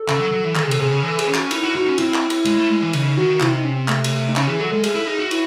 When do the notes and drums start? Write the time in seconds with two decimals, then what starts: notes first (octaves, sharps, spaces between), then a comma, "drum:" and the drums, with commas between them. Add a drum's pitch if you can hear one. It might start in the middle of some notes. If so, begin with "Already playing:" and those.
Already playing: A4
0.08 C#3, drum: clap
0.20 F#3
0.32 F#3
0.45 E3
0.55 D#3 A4, drum: clap
0.64 G#4
0.67 C3
0.71 A4, drum: cymbal
0.80 C3 G#4
0.91 C#3
1.03 E3 A4
1.19 G#4, drum: cymbal
1.27 C#4
1.34 F#4, drum: clap
1.51 D#4 E4, drum: cymbal
1.63 F#4
1.75 D#4 F#4
1.86 C#4
1.98 C4 E4, drum: cymbal
2.14 drum: clap
2.30 drum: cymbal
2.45 G#3, drum: cymbal
2.57 A3
2.69 G#3
2.82 E3
2.93 C#3 D#4, drum: cymbal
3.17 D#3 F#4
3.40 C3 E4, drum: clap
3.53 D#4
3.64 C#4
3.76 C4
3.88 A3, drum: clap
4.04 drum: cymbal
4.29 D#4
4.36 C#3 C#4, drum: clap
4.47 E3 G#4
4.59 F#3 A4
4.71 G#3 A4
4.84 G#4, drum: cymbal
4.95 E4 A4
5.07 D#4 G#4
5.19 F#4
5.31 E4, drum: cymbal